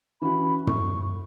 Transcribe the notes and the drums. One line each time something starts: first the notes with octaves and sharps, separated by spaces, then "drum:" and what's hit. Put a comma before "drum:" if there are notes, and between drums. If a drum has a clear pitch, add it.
E3 C#4 F#4 B5
C#6, drum: tom